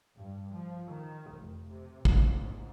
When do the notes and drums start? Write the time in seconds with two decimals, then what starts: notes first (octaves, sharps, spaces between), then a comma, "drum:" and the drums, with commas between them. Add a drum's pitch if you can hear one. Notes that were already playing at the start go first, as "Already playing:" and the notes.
0.18 G2
0.53 F3
0.89 D#3
1.33 F1
1.70 C3
2.05 C#2, drum: kick
2.37 G#2